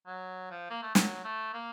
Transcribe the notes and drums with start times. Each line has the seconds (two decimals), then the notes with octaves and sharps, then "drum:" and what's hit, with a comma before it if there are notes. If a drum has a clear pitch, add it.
0.06 F#3
0.50 F3
0.70 A#3
0.82 A3
0.95 F#3, drum: snare
1.24 A3
1.54 A#3